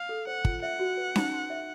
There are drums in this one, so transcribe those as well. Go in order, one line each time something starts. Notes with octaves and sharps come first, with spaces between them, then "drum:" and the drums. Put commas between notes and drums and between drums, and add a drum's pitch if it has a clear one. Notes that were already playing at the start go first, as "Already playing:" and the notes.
Already playing: F5
A4
C5 F#5
F4, drum: kick
E5 F#5
F#4
B4
D#4, drum: snare C#4
C6
E5